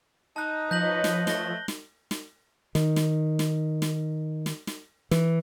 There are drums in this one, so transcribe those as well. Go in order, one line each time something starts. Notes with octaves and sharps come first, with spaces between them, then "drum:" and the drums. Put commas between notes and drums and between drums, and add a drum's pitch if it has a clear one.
D#4 A5 F#6
F3 B4 C#5 D#5 G6 A#6 F#7
drum: snare
A3 A#6 G7, drum: snare
drum: snare
drum: snare
D#3, drum: snare
drum: snare
drum: snare
drum: snare
drum: snare
drum: snare
E3, drum: snare